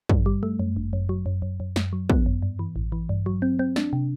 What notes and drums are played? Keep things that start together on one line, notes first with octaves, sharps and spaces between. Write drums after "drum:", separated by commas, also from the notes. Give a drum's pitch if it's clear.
G2, drum: kick
G3
A3
F#2
G1
F#2
F#3
F#2
F#2
F#2
F#2, drum: snare
F#3
B3, drum: kick
F#2
G2
E3
A1
E3
G2
F#3
C4
C4
D4, drum: snare
C3